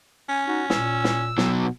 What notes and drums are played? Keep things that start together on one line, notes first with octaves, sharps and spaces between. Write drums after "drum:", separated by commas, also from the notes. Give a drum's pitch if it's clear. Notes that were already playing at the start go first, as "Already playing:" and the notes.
C#4 G#5
D#4 F#4
A#2 E6, drum: snare
drum: snare
B2 F#3, drum: snare